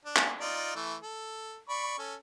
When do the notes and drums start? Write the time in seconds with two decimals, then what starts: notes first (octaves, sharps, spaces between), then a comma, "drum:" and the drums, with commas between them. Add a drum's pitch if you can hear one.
0.05 D4
0.16 drum: clap
0.41 D#4 F4 D5
0.75 E3 A3
1.03 A4
1.69 D5 B5 C#6
1.99 C#4 A4